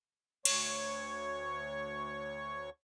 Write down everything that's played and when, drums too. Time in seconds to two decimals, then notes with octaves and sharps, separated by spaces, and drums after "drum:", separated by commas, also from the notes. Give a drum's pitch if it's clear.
0.45 D2 C#5 C#6, drum: cymbal